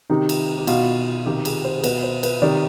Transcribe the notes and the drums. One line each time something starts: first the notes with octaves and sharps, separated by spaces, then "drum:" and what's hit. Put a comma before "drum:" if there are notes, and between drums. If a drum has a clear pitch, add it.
C3 D#3 D#4
drum: cymbal
G4
B2 F4, drum: cymbal
C3 D#3 G4
G#4, drum: cymbal
C5
G#4
B2 B4, drum: cymbal
C5
B4, drum: cymbal
C3 D#3 D5